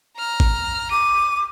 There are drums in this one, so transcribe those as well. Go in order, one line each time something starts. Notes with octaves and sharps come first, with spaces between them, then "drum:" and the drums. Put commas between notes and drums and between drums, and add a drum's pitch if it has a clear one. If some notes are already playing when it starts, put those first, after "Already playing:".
A#5 F6
drum: kick
D6 D#7